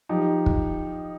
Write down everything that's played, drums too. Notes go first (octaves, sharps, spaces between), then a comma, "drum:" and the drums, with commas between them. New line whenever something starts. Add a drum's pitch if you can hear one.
F3 D#4 G4
drum: kick